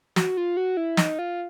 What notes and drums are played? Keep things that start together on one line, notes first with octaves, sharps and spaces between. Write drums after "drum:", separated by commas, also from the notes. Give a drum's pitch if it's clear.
F#4, drum: snare
F4
F#4
E4
D#4, drum: snare
F4